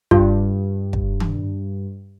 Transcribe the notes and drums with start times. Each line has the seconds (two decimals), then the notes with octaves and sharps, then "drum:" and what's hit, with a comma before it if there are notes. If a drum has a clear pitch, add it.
0.11 G2 F4, drum: kick
0.93 drum: kick
1.20 drum: tom D#3